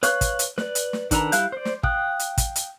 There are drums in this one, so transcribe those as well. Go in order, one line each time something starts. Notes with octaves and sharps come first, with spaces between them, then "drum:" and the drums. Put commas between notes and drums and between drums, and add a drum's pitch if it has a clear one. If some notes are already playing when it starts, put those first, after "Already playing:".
B4 C#5 F5 C#6 F#6, drum: hi-hat
drum: kick, hi-hat
drum: hi-hat
B4 D5, drum: snare
drum: hi-hat
drum: snare
D#3 D4 A4 B4 A#5, drum: kick, hi-hat
G3 E4 F5 F#6 G6, drum: hi-hat
C5 D5
drum: snare
F5 G5 D#6 F#6, drum: kick
drum: hi-hat
drum: kick, hi-hat
drum: hi-hat